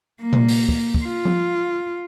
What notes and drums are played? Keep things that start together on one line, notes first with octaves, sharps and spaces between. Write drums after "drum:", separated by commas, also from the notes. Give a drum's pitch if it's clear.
A#3
drum: tom A#2
drum: open hi-hat
drum: kick
drum: kick
F4
drum: tom F3